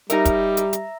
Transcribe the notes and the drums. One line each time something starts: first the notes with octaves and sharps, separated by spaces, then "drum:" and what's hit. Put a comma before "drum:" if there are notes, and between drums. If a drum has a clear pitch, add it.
G3 D#4 A#4 E5 A#5, drum: hi-hat
drum: kick, hi-hat
drum: hi-hat
drum: hi-hat